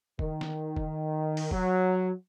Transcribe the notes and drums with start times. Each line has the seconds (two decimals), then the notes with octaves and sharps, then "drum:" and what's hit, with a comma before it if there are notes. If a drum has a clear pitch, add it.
0.19 D#3, drum: kick E1
0.41 drum: snare
0.77 drum: kick E1
1.37 drum: open hi-hat
1.51 F#3, drum: kick E1